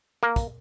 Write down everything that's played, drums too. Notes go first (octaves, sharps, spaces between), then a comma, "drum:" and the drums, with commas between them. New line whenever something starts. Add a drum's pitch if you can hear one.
A#3
drum: kick, hi-hat